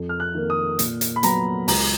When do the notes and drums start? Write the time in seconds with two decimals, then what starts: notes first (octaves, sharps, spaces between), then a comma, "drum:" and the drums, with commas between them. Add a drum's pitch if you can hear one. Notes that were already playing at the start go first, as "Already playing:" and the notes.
Already playing: F2
0.09 F6
0.20 F#6
0.35 D#3 A#3
0.50 D#6
0.79 A#2, drum: hi-hat
1.01 drum: hi-hat
1.16 B5
1.23 F#3 B3 A#5, drum: hi-hat
1.68 C#2 A#5, drum: open hi-hat